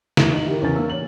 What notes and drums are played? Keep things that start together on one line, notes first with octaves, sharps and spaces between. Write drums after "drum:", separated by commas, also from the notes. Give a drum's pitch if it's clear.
E2 E4, drum: snare
D#4 F#7
E4 G4 A#4
E2 C#3 C#4 A#4 A6
A#3 E6
C#5 F#7